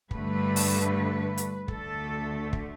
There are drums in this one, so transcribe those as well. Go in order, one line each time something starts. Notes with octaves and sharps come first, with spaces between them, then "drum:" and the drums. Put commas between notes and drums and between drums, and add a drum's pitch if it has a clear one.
G2 D3 A3 B4, drum: kick
drum: open hi-hat
drum: hi-hat
D2 D3 A3 A4, drum: kick
drum: kick